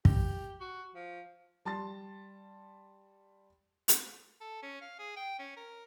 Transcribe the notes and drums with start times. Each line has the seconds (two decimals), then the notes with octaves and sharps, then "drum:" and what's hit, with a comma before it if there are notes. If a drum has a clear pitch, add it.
0.05 G4, drum: kick
0.60 F#4
0.94 F3
1.65 G3 A5 C6 A6
3.88 drum: hi-hat
4.41 A4
4.63 C#4
4.81 F5
4.99 G#4
5.16 G5
5.39 C#4
5.57 A#4